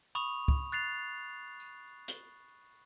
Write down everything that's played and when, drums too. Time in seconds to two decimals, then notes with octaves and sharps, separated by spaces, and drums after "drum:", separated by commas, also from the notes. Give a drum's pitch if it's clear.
0.15 B5 C#6 D#6 F7
0.48 drum: kick
0.72 F#6 A6 C7 F7
1.60 drum: tambourine
2.08 drum: hi-hat